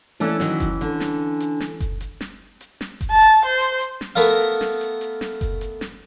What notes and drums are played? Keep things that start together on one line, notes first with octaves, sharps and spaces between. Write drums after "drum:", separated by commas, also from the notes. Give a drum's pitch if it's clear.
E3 A3 A#3 C#4 D4, drum: hi-hat
D#3 F#3, drum: snare
drum: kick F#1, hi-hat
D3, drum: hi-hat
drum: snare
drum: hi-hat
drum: snare
drum: kick F#1, hi-hat
drum: hi-hat
drum: snare
drum: hi-hat
drum: snare
drum: kick F#1, hi-hat
A5
drum: hi-hat
C5
drum: hi-hat
drum: hi-hat
drum: snare
A3 B3 A#4 F5
drum: hi-hat
drum: snare
drum: hi-hat
drum: hi-hat
drum: snare
drum: kick F#1, hi-hat
drum: hi-hat
drum: snare